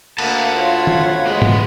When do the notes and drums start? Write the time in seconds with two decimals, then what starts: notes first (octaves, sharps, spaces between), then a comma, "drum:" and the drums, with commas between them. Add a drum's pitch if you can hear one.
0.18 D2 A#3 F#5 A5 B5, drum: cymbal
0.55 F4 C#5
0.87 drum: tom
1.26 G#3 A#3 B4
1.42 drum: tom